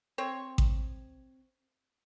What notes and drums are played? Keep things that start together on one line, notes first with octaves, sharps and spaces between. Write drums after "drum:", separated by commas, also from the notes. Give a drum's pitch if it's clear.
C4 C5 C#5
drum: kick A1